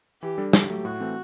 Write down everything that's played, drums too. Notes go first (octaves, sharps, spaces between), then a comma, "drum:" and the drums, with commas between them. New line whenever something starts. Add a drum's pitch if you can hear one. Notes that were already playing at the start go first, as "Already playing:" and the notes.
E3 G4
G3 D4 A4
D3 G4, drum: snare
F#3 A3
A2 F#4
E3 A3 C4